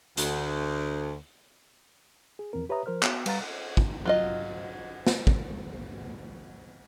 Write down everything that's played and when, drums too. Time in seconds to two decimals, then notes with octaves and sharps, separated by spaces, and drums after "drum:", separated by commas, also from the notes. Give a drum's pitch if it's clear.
0.17 D2, drum: hi-hat
2.39 G#4
2.53 E2 F3 C4 A#4
2.69 G4 B4 C#5 E5 A#5 D#6
2.86 F3 A#4 C5 F6
3.03 B3 F#4, drum: clap
3.26 G3 B4 F5 F#5 A#5 A6, drum: cymbal
3.77 drum: kick
4.05 F#3 F4 D#5
5.07 drum: snare
5.27 drum: kick